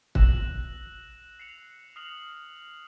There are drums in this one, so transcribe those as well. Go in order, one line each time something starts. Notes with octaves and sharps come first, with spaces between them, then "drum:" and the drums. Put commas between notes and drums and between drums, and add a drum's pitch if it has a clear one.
E6 F#6 A#6 E7 F#7, drum: kick
C7 C#7 F7
D#6 F6 C7 F7 F#7